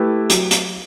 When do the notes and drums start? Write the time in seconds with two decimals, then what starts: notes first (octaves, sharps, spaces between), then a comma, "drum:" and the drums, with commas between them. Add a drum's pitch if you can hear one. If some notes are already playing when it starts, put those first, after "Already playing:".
Already playing: A3 E4 G4 B4
0.30 F#3, drum: hi-hat
0.51 drum: hi-hat